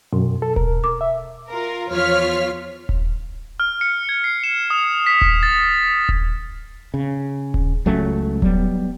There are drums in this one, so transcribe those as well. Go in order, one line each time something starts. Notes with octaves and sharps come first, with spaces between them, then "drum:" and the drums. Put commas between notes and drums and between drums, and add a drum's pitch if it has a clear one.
F#2 B2
A4
A#4, drum: kick D#1
D6
E5
F4 A#4
E2 F3 F4 C#5 F6 B6
drum: kick D#1
F6
C#7
G#6
C7
E7
D#6
B6
drum: kick D#1
A6
drum: kick D#1
C#3
drum: kick D#1
C#2 F#3 A3 C#4
F#3 G3 B3, drum: kick D#1